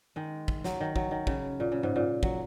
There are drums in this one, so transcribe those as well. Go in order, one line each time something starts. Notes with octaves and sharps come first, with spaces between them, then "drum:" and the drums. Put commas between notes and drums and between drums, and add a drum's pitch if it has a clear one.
D#3 G#3
drum: kick
F#3, drum: snare
D#3
F#3, drum: kick
D#3
C#3, drum: kick
A#2
C#3
G#2
A#2
F#3, drum: kick